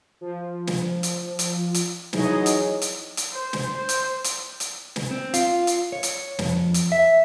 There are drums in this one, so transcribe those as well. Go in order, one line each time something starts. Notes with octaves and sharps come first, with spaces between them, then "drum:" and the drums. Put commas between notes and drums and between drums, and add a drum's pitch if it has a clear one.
F3
drum: snare
drum: hi-hat
drum: hi-hat
drum: hi-hat
E3 F#3 D#4 G#4 C#5 D#5, drum: snare
drum: hi-hat
drum: hi-hat
drum: hi-hat
C5
drum: snare
C5
drum: hi-hat
drum: hi-hat
drum: hi-hat
drum: snare
C4
F4, drum: hi-hat
drum: hi-hat
C#5
drum: hi-hat
F2, drum: snare
drum: hi-hat
E5